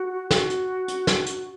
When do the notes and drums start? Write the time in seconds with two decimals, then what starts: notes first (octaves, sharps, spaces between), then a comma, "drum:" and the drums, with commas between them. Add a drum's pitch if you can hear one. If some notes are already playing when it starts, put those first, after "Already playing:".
Already playing: F#4
0.31 F#4, drum: snare
0.50 drum: hi-hat
0.88 drum: hi-hat
1.07 drum: snare
1.26 drum: hi-hat